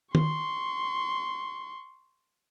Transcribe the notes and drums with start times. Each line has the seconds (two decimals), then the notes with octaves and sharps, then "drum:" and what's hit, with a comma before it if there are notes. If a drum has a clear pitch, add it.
0.15 C6 C#6, drum: tom